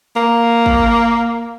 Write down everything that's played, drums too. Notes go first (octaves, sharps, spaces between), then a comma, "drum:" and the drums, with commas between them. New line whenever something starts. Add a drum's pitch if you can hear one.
A#3
drum: kick